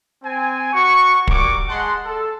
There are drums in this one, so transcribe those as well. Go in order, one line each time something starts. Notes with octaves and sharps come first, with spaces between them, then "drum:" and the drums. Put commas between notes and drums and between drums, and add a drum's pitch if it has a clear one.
C4 G#5
F#4 C#6
G3 A#3 F#4 C#6 D6, drum: kick
G#3 F#5 A5 C6
A4